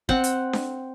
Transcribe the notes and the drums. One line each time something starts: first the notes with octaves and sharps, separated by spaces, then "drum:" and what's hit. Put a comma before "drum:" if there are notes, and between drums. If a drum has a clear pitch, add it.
C4 F#5, drum: kick
drum: hi-hat
drum: snare D4